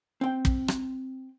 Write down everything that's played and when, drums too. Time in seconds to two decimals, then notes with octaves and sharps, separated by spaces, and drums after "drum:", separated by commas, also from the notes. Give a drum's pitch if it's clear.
0.21 C4 G5
0.45 drum: kick
0.68 drum: rim click